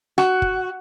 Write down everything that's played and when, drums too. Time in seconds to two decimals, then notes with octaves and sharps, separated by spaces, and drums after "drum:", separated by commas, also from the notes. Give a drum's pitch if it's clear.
0.18 F#4, drum: rim click
0.42 drum: kick